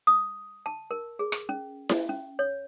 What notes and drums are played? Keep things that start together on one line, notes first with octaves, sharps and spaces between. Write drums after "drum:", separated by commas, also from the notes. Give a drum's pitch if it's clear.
D#6
A5
A#4
G#4
drum: rim click
C#4
drum: snare E4
C#4
C#5